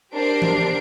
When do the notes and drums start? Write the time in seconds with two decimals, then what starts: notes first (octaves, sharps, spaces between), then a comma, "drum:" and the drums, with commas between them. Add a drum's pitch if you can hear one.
0.14 D4 G4 A#4 C5 C7 D7
0.42 drum: tom E3